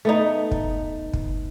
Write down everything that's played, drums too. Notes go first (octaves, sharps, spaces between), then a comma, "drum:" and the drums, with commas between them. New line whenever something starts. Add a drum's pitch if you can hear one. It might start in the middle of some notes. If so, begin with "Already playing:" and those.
A3 B3 D#4
drum: kick
drum: kick